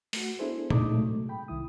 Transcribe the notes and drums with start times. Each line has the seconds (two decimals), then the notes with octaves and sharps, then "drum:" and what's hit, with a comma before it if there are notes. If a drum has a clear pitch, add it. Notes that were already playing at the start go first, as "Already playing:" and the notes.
0.13 A3 F#4, drum: open hi-hat
0.39 B3 D4 E4 G#4 A4 C5
0.70 A3 D4 D#4 D6 D#6, drum: tom A#2
0.91 A2 C3 F#3 G#3 A3
1.29 G5 B5
1.48 C2 D#3 E4 D#6